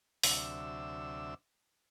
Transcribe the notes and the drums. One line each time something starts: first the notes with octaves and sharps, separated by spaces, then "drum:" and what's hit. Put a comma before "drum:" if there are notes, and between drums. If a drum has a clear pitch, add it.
D2 C3 F#3 D4 E5 E6, drum: open hi-hat